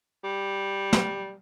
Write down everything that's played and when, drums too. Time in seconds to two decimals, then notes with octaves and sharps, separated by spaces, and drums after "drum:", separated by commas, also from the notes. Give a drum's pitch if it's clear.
0.24 G3
0.93 drum: snare